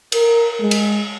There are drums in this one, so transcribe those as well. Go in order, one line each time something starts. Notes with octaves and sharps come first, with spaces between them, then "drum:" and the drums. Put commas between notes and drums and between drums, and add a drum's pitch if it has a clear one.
A#4, drum: cymbal
G#3
drum: cymbal